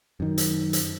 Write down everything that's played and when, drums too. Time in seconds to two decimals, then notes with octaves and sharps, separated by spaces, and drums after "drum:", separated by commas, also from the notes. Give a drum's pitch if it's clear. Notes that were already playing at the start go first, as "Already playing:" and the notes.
0.20 F#2 D#3
0.38 drum: hi-hat
0.73 drum: hi-hat